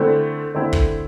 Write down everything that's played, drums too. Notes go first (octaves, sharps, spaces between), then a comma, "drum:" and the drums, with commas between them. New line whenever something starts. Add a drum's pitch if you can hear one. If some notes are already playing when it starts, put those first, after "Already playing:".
Already playing: D3 A3 C4 E4
D3 A3 C4 E4
drum: kick